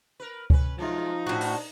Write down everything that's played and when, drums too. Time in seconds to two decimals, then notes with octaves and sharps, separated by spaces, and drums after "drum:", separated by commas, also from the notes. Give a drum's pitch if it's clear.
0.20 A#4 B4
0.50 C#4 B4, drum: kick C#2
0.79 F3 F#3 G#3 D#4 F4
1.26 A2 C#4 D4 F#4 C5
1.41 drum: open hi-hat